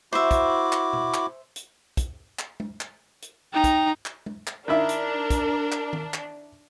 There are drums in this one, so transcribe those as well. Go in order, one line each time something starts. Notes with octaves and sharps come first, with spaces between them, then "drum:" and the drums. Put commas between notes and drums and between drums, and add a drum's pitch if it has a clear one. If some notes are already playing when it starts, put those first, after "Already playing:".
E4 F#4 C5 E5 D6
drum: kick, hi-hat
drum: clap
drum: tom B2
drum: clap
drum: hi-hat
drum: kick, hi-hat
drum: clap
drum: tom
drum: clap
drum: hi-hat
D#4 G5 A#5
drum: kick, hi-hat
drum: clap
drum: tom
drum: clap
D#3 D4 E4 A#4 E5
drum: hi-hat
drum: kick, hi-hat
drum: clap
drum: tom D#3
drum: clap